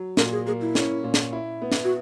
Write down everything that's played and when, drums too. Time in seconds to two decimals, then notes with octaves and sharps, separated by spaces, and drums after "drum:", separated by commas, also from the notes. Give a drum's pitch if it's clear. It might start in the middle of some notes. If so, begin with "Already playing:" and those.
Already playing: F#3
0.17 A#2 A#4, drum: snare
0.32 G#4
0.46 A#3 G#4
0.61 E4
0.75 C#4, drum: snare
1.04 A#2
1.14 drum: snare
1.33 E4
1.62 B3
1.72 drum: snare
1.84 F#4